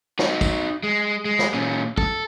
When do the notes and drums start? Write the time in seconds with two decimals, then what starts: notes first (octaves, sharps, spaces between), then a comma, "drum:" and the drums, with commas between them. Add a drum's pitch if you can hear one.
0.19 D#4 F#4, drum: snare
0.41 drum: kick, tambourine
0.83 G#3
1.25 G#3
1.39 drum: snare
1.54 A#2 C#4
1.98 A4, drum: kick